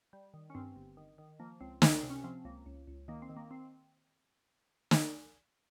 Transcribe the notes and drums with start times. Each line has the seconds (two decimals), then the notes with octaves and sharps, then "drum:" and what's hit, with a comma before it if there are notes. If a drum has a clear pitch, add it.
0.13 G3
0.34 D#3
0.50 C#4
0.55 G2 C4
0.76 G1
0.97 D#3
1.18 D#3
1.39 F3 A#3
1.61 C#2 C4
1.82 C#2 C4, drum: snare
1.96 C4
2.03 C3
2.10 C#4
2.24 F3 C4
2.45 C#2 A#3
2.66 C#2
2.87 C#2
3.08 D#3 A#3
3.22 C4
3.29 D#3
3.37 A#3
3.51 C4
4.91 drum: snare